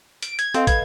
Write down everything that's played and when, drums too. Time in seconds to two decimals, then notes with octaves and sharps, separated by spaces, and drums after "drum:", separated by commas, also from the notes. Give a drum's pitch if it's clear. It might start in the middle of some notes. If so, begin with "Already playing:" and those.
0.22 D7, drum: hi-hat
0.39 G#6, drum: hi-hat
0.54 C4 A4 D#5 F5, drum: hi-hat
0.67 B4 G#6, drum: kick, hi-hat